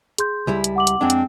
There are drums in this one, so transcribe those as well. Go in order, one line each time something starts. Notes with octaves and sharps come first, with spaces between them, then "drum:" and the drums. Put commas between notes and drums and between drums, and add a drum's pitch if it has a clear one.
G#4 C6 G6, drum: hi-hat
C#2 G3 E4
drum: hi-hat
F#5 D6 F#7
drum: hi-hat
F2 G#3 C4 D4
drum: hi-hat